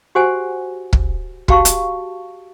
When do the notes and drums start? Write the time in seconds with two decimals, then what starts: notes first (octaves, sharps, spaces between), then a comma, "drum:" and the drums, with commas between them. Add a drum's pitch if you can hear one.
0.15 F#4 G4 C5 F#5 G#5
0.93 drum: kick
1.48 F#4 G4 F5 A5 C#6, drum: kick
1.65 drum: hi-hat